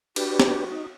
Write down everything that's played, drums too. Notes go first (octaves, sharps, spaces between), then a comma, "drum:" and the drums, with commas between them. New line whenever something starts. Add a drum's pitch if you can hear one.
D4 F#4 G4 B4, drum: cymbal
drum: snare
D#4